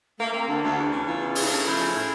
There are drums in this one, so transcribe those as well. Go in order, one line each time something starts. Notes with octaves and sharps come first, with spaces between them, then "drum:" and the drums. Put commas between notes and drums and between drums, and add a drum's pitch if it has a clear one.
A3 A#3
A#3 C4
D2 D4
D2
E2
C#3
E3 F4
E2
C#3 E4, drum: open hi-hat
D#4
A3 D4
D#4
F3 E4
C#3
A2